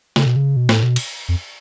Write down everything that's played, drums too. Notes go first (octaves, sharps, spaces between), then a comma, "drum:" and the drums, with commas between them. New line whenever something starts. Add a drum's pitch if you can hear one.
C#3, drum: snare
B2
C#3
B2
A2, drum: snare
B2
drum: cymbal
F2